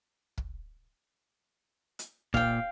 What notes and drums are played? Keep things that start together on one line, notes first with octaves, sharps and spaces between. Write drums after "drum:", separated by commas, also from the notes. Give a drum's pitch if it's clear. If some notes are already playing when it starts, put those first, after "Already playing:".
drum: kick
drum: hi-hat
A#2 F5 G5, drum: kick